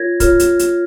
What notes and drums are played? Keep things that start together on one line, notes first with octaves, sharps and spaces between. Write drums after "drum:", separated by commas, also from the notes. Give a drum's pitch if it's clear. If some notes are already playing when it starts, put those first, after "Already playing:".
Already playing: F4 A#4 C#5 G#6 A#6
F4 A#4 C#5 F6, drum: kick, hi-hat
drum: hi-hat
drum: hi-hat